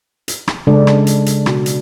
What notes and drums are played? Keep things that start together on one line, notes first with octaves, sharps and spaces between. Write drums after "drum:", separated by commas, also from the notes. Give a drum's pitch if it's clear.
drum: hi-hat
drum: rim click
C#3 G#3 D4 A4 D5
drum: rim click
drum: hi-hat
drum: hi-hat
B2 G#3 B3 F#4, drum: rim click
drum: hi-hat